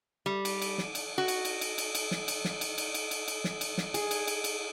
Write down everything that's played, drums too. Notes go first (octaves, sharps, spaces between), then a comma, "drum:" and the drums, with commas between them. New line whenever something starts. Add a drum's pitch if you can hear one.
G3
drum: cymbal
drum: cymbal
drum: snare
drum: cymbal
F#4
drum: cymbal
drum: cymbal
drum: cymbal
drum: cymbal
drum: cymbal
drum: snare
drum: cymbal
drum: snare
drum: cymbal
drum: cymbal
drum: cymbal
drum: cymbal
drum: cymbal
drum: snare
drum: cymbal
drum: snare
G#4, drum: cymbal
drum: cymbal
drum: cymbal
drum: cymbal